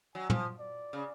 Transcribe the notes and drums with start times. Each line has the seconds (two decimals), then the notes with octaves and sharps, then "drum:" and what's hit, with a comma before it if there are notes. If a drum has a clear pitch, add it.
0.15 F#3 G#5
0.30 F3, drum: tom
0.60 D5
0.93 C#3